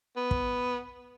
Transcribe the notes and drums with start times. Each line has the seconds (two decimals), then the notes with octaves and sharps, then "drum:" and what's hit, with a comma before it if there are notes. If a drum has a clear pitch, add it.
0.16 B3
0.31 drum: kick